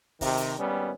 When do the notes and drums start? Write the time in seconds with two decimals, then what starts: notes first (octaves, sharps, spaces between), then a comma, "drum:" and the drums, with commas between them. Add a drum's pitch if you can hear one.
0.21 C3 D#3, drum: kick, open hi-hat
0.37 drum: hi-hat
0.59 G#1 G3 B3 C#4